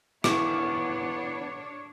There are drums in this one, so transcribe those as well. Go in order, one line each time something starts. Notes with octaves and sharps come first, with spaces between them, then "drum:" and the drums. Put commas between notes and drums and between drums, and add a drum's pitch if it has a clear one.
E3 B3 D4 C#5 F5 A5 C#6, drum: rim click